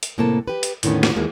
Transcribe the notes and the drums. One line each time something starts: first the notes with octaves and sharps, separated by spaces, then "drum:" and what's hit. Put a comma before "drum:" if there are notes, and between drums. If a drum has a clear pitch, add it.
drum: hi-hat
A2 C3 A#3 A4 A5
G4 B4
drum: hi-hat
E2 A2 D3 D#3 B3 C#4, drum: hi-hat
drum: snare
D#2 E3 G#3 A#3